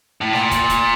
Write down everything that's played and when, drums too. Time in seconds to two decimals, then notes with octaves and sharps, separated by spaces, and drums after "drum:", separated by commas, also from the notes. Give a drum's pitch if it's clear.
0.21 A2
0.33 A#2, drum: snare
0.51 drum: kick, hi-hat
0.69 drum: kick, hi-hat